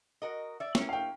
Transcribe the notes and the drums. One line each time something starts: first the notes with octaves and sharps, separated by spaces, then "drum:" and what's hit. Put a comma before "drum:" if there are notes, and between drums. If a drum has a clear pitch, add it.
F#4 A#4 D#5
D5 E5
A#3 C#4 E4, drum: snare
F5 G5